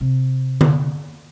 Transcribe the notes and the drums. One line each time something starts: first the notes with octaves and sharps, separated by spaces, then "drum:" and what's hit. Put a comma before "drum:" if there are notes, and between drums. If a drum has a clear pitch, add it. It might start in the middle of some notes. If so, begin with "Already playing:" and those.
C3
drum: tom D3